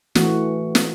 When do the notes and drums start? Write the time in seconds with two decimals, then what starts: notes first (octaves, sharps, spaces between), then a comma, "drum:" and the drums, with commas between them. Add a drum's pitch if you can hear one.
0.15 E3 A3 F#4, drum: snare
0.75 drum: snare